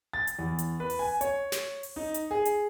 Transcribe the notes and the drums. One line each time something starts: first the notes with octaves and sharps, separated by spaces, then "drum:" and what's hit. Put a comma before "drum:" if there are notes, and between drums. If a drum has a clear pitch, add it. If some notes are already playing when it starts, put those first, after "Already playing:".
A6
drum: hi-hat
E2
drum: hi-hat
B4
drum: open hi-hat
G#5
C#5, drum: hi-hat
drum: snare
drum: open hi-hat
D#4
drum: hi-hat
G#4
drum: hi-hat